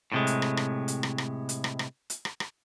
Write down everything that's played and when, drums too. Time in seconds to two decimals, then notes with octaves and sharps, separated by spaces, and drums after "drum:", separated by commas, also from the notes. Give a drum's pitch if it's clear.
0.12 A2 C3 G#3
0.27 drum: hi-hat
0.42 drum: rim click
0.57 drum: rim click
0.88 drum: hi-hat
1.03 drum: rim click
1.18 drum: rim click
1.49 drum: hi-hat
1.64 drum: rim click
1.79 drum: rim click
2.10 drum: hi-hat
2.25 drum: rim click
2.40 drum: rim click